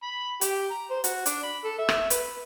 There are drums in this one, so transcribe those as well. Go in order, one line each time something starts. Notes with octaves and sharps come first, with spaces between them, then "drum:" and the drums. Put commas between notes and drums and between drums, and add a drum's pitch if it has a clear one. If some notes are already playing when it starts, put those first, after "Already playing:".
B5
G4, drum: hi-hat
A#5
C5
F#4, drum: hi-hat
D4, drum: hi-hat
B5
A4
E5
drum: rim click
B4, drum: hi-hat